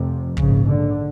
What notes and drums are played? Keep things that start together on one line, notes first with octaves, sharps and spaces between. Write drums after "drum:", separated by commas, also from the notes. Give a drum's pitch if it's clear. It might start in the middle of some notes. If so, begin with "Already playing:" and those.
Already playing: F1 F2 C3
A#1 G#2 C#3, drum: kick
D3